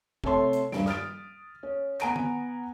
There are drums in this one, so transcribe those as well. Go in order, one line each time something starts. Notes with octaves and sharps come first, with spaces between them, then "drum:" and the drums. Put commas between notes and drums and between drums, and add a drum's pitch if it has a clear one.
C3 A3 C#5 A5 C6, drum: kick
drum: hi-hat
D#1 G2 D7, drum: snare
D#6 F6 A6 D7, drum: snare
C#4
B3 F#5 G#5 A#5 D7 D#7, drum: clap
drum: tom D3